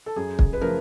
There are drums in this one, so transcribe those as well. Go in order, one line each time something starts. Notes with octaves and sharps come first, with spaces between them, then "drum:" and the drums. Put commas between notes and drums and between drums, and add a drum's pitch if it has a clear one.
A4
F#2 G#4
drum: kick
B4
C#3 F3 A3 A#4